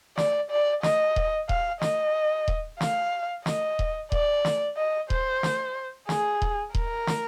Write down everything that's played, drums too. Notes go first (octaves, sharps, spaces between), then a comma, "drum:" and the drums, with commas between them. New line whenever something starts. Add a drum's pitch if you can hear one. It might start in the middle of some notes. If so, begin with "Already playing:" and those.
D5, drum: snare
D5
D#5, drum: snare
drum: kick D#1
F5, drum: kick D#1
D#5, drum: snare
drum: kick D#1
F5, drum: snare
D#5, drum: snare
drum: kick D#1
D5, drum: kick D#1
drum: snare
D#5
C5, drum: kick D#1
drum: snare
G#4, drum: snare
drum: kick D#1
A#4, drum: kick D#1
drum: snare